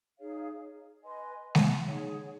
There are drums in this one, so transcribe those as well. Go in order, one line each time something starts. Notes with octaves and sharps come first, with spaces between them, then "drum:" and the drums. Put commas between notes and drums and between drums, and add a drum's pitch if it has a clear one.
D#4 G#4 C#5 F5
B4 D#5 G#5 C6
drum: snare G#3
D#4 G#4 C#5 F#5